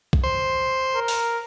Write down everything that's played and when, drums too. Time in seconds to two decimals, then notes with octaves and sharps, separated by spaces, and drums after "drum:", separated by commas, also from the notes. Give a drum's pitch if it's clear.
0.13 drum: kick
0.24 C5
0.96 A#4
1.08 drum: open hi-hat